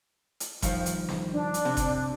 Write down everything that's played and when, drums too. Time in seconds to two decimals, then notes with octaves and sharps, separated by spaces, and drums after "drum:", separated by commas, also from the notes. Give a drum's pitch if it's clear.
0.40 drum: hi-hat
0.62 G2 D#3 F3, drum: kick F#1, hi-hat
0.86 drum: hi-hat
1.08 drum: snare
1.31 D4
1.54 drum: hi-hat
1.65 C3
1.77 drum: kick F#1, hi-hat